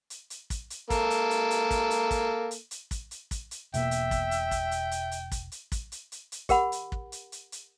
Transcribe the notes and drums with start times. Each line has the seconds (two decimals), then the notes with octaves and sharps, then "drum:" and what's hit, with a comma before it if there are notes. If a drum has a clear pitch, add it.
0.10 drum: hi-hat
0.30 drum: hi-hat
0.50 drum: kick, hi-hat
0.70 drum: hi-hat
0.90 A#3 A4, drum: kick, hi-hat
1.10 drum: hi-hat
1.30 drum: hi-hat
1.51 drum: hi-hat
1.71 drum: kick, hi-hat
1.91 drum: hi-hat
2.11 drum: kick, hi-hat
2.51 drum: hi-hat
2.71 drum: hi-hat
2.91 drum: kick, hi-hat
3.11 drum: hi-hat
3.31 drum: kick, hi-hat
3.51 drum: hi-hat
3.74 E1 B2 A#3 E5 G5, drum: hi-hat
3.91 drum: hi-hat
4.11 drum: kick, hi-hat
4.31 drum: hi-hat
4.51 drum: kick, hi-hat
4.71 drum: hi-hat
4.91 drum: hi-hat
5.12 drum: hi-hat
5.32 drum: kick, hi-hat
5.52 drum: hi-hat
5.72 drum: kick, hi-hat
5.92 drum: hi-hat
6.12 drum: hi-hat
6.32 drum: hi-hat
6.49 G4 A#4 F#5 B5, drum: kick, hi-hat
6.72 drum: hi-hat
6.92 drum: kick
7.12 drum: hi-hat
7.32 drum: hi-hat
7.52 drum: hi-hat